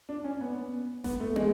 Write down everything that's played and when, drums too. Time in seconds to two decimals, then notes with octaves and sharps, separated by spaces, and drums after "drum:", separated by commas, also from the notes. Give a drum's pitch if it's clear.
0.09 D4
0.24 C#4
0.41 B3
1.04 B3, drum: snare G1
1.20 A3
1.36 G#3, drum: tom